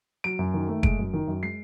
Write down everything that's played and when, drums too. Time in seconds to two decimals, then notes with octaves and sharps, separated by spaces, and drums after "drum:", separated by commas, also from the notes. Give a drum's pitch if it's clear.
0.24 F#3 D7
0.39 F#2
0.54 D#3
0.69 A3
0.83 G#3 D7, drum: kick
0.99 F#2
1.13 D#3
1.28 F#2
1.43 G#3 C7